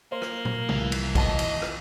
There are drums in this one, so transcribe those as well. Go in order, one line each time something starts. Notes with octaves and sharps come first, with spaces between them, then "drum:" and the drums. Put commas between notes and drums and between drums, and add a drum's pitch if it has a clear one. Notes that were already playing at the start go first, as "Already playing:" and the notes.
A#3 C5
drum: rim click
drum: tom
C2 E3 F3 G3, drum: tom
drum: cymbal
D#2 B2 D#5 A5, drum: kick, cymbal
drum: cymbal
drum: rim click